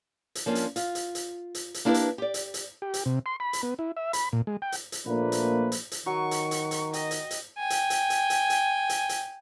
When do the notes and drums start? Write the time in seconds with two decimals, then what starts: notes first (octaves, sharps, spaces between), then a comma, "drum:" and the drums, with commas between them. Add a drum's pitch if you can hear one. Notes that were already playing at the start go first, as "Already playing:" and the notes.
0.35 drum: hi-hat
0.46 F3 A#3 C#4 D4
0.55 drum: hi-hat
0.76 F4, drum: hi-hat
0.95 drum: hi-hat
1.15 drum: hi-hat
1.55 drum: hi-hat
1.74 drum: hi-hat
1.85 A#3 D4 E4 G4 G#4 B4
1.94 drum: hi-hat
2.18 G4 D5
2.34 drum: hi-hat
2.54 drum: hi-hat
2.82 G4
2.94 drum: hi-hat
3.06 C3
3.26 C6
3.40 B5
3.53 drum: hi-hat
3.63 B3
3.79 E4
3.97 E5
4.13 B5, drum: hi-hat
4.33 A#2
4.47 G#3
4.62 G5
4.72 drum: hi-hat
4.92 drum: hi-hat
5.06 A#2 F3 A3 A#3 D4 B4
5.32 drum: hi-hat
5.72 drum: hi-hat
5.92 drum: hi-hat
6.06 D#3 F#3 C#6
6.31 drum: hi-hat
6.51 drum: hi-hat
6.71 drum: hi-hat
6.93 D#5 G5, drum: hi-hat
7.11 drum: hi-hat
7.31 drum: hi-hat
7.58 G5 G#5
7.70 drum: hi-hat
7.90 drum: hi-hat
8.10 drum: hi-hat
8.30 drum: hi-hat
8.50 drum: hi-hat
8.89 drum: hi-hat
9.09 drum: hi-hat